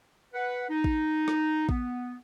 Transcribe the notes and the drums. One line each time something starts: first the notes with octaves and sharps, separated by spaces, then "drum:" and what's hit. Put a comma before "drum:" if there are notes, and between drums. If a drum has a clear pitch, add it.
B4 F#5
D#4
drum: kick A1
drum: rim click
B3, drum: kick A1